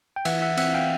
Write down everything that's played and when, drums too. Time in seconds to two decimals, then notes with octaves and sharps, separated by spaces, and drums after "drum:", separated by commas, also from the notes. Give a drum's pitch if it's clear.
0.16 G5
0.25 E3 E5 F#5, drum: cymbal
0.42 E5 F#5
0.57 C4 E5 F#5, drum: cymbal
0.73 F5 G5